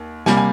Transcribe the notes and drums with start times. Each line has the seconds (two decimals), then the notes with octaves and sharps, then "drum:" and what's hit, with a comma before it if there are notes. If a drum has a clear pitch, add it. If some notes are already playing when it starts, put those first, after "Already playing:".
Already playing: D#2
0.26 C3 G3 A#3 G#5, drum: snare
0.37 G#5